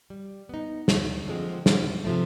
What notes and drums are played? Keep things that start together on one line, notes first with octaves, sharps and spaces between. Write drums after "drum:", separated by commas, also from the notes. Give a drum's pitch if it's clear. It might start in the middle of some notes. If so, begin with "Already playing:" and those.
G3
B3 D#4
D2, drum: snare
D3 F3 G#3 C4
F2, drum: snare
C3 F3 A3